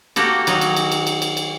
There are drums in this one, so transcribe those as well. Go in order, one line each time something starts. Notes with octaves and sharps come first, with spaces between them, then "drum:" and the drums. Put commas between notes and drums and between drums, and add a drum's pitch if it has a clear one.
A#3 F#4 G4 A4, drum: cymbal
D#3 F#3, drum: cymbal
drum: cymbal
drum: cymbal
drum: cymbal
drum: cymbal
drum: cymbal
drum: cymbal